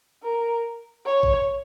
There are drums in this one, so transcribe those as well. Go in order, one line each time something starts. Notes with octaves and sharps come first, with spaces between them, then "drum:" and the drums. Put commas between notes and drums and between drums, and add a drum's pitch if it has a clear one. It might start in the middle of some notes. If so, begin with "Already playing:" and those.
A#4
C#5
drum: kick A#1